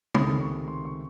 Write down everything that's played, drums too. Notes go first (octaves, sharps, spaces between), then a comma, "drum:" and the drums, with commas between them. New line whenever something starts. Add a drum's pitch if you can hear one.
C#2 C3 D#3 A3 D#6, drum: tom
C#6
C6
C#6